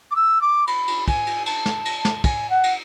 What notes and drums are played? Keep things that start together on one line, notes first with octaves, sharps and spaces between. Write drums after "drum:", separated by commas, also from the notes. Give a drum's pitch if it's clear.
D6
E6
D6
B5, drum: cymbal
drum: cymbal
G#5, drum: kick, cymbal
drum: cymbal
A5, drum: cymbal
drum: snare
drum: cymbal
drum: snare
G#5, drum: kick, cymbal
F#5
drum: cymbal